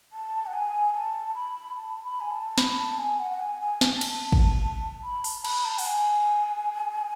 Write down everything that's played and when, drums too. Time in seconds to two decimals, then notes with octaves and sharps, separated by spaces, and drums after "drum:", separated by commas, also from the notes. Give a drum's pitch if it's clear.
0.13 A5
0.46 F#5
0.53 G#5
0.94 A5
1.35 B5
1.76 A5
2.04 B5
2.20 G#5
2.31 A5
2.58 B5, drum: snare
2.78 A5
2.99 G#5
3.20 F#5
3.31 F#5
3.40 G#5
3.61 G#5
3.81 A5, drum: snare
4.01 A5, drum: cymbal
4.32 drum: kick
5.04 B5
5.24 A5, drum: open hi-hat
5.45 B5, drum: cymbal
5.65 A5
5.78 F#5, drum: open hi-hat
5.85 G#5